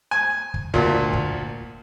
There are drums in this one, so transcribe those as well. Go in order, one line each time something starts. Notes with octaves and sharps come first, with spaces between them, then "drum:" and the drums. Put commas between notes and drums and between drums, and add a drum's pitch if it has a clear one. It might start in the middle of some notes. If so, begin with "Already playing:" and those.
G#5
drum: kick
D2 A#2, drum: kick
drum: kick